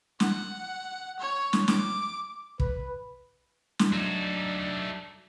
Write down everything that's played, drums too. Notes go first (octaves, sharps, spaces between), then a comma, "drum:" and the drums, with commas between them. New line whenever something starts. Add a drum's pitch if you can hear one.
F#5, drum: snare
C#5
drum: snare
D6, drum: snare
B4, drum: kick
drum: snare
F#3 A3 D4 D#4